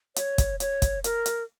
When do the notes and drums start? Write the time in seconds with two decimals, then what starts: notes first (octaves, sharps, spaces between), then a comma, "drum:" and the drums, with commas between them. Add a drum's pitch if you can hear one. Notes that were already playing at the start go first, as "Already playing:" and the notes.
0.16 C#5, drum: hi-hat
0.38 drum: kick, hi-hat
0.60 C#5, drum: hi-hat
0.82 drum: kick, hi-hat
1.04 A#4, drum: hi-hat
1.26 drum: hi-hat